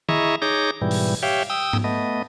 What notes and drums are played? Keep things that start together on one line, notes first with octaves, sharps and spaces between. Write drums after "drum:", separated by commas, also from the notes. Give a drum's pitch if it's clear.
E4 G#4 D#5 E5 A#5 C#6, drum: tom D#3
D#4 G#4 C#5 D6 G6 A#6
G#2 B2 E3 G3
drum: open hi-hat
G4 C#5 E5 F5 G5
G5 D#6 E6
drum: tom G#2
A3 B3 D#5